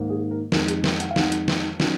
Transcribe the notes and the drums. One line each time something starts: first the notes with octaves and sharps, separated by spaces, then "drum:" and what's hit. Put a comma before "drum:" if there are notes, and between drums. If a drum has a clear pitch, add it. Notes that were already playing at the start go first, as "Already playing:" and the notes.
Already playing: G#2 D#3 A#3 D#4
G#4
A#4
F2 D#3 G#3 D#4 A#4, drum: snare
G#4, drum: hi-hat
A#4, drum: snare
F#5, drum: hi-hat
F5
F2 D#3 G#3 D#4 F#5, drum: snare
drum: hi-hat
drum: snare
D#3 F#3 C#4, drum: snare